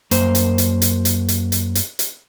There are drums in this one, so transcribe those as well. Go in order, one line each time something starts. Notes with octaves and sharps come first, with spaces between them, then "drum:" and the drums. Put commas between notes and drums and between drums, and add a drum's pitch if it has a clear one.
F#2 A#3 C5, drum: hi-hat
drum: hi-hat
drum: hi-hat
drum: hi-hat
drum: hi-hat
drum: hi-hat
drum: hi-hat
drum: hi-hat
drum: hi-hat